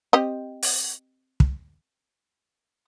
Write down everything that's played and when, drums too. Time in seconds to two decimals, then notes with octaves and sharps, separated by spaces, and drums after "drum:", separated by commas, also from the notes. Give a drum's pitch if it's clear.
0.13 C4 G4 D#5
0.63 drum: open hi-hat
1.40 drum: kick